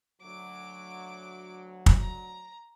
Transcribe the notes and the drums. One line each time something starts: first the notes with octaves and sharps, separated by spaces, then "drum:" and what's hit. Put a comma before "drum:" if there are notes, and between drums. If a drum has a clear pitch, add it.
D2 F#3 D6
drum: kick
A#5